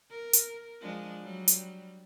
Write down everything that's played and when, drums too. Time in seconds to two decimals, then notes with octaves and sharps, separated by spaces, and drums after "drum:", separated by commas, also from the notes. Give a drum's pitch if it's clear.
0.11 A#4
0.33 drum: hi-hat
0.81 F3 G#3 D4
1.21 F#3 G3
1.48 drum: hi-hat